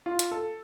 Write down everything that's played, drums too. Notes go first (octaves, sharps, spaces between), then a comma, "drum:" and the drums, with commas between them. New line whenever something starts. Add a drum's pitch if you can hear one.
F4
drum: hi-hat
A4